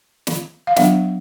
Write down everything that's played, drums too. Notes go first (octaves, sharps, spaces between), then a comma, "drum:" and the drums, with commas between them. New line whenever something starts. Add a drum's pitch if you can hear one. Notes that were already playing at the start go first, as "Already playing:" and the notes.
drum: snare
F5
F#3 B3 D4 E5, drum: snare